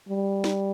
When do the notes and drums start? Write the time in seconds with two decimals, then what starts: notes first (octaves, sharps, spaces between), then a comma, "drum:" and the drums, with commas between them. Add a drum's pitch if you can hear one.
0.09 G3
0.44 drum: snare